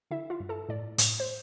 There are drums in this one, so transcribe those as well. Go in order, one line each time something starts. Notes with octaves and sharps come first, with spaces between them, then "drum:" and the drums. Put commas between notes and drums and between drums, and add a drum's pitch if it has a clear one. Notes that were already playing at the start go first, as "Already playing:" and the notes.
D3 E4 E5
F4 F5
G2
A4 A5
A2 D5
A2, drum: hi-hat
C5